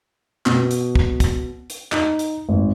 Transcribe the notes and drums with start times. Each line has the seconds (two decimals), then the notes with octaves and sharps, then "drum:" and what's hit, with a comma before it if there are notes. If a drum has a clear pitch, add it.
0.46 B2, drum: clap
0.71 drum: hi-hat
0.95 drum: kick
1.20 drum: kick, hi-hat
1.70 drum: hi-hat
1.92 D#4, drum: clap
2.19 drum: hi-hat
2.49 G#1